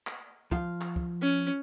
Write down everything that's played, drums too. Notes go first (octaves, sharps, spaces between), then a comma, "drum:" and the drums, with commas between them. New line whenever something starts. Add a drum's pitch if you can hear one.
drum: clap
F3 F4 F5, drum: kick
drum: clap
drum: kick
C#4